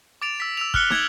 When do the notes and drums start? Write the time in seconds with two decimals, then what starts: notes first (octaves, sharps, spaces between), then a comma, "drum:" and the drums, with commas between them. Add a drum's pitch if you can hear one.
0.22 D6 A6 D7 F7
0.40 E6 B6
0.57 E6 D7 F7
0.74 F6 F#6 C#7 G7, drum: kick
0.90 D6 G#6 B6 F#7, drum: snare